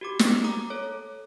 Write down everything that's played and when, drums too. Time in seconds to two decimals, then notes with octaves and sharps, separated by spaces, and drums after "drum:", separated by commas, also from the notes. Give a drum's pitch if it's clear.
0.01 F#4 G4 D6
0.19 drum: snare
0.44 A#5 D6 D#6
0.70 A4 C#5